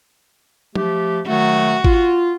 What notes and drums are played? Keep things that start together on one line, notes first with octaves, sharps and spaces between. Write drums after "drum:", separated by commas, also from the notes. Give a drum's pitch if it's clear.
F3 A3 G4, drum: tom F#3
D#3 F#3 A3 F#4
F4, drum: kick